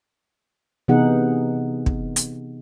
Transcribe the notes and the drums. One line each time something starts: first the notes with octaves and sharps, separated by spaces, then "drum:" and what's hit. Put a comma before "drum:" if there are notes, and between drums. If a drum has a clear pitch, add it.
C3 E3 B3 D#4 G#4 F#5
drum: kick
drum: hi-hat